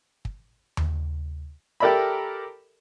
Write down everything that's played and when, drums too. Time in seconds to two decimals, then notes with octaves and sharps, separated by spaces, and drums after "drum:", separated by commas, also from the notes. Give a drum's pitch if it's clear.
0.25 drum: kick
0.77 drum: tom D#2
1.80 G4 A4 A#4 D5 E5 B5